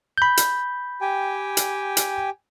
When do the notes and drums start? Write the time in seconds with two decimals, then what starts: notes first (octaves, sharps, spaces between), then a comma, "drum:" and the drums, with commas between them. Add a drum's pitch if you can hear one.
0.18 B5 G6
0.37 drum: hi-hat
1.01 G4 G5 G#5
1.57 drum: hi-hat
1.97 drum: hi-hat